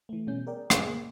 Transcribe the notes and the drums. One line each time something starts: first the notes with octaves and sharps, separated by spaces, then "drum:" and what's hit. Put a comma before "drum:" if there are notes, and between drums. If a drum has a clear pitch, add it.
E3 A3
B2 E3 G3 C#4 G6
G#4 A#4 D5 G5
C#4 G#4 F5 G5, drum: rim click
A#3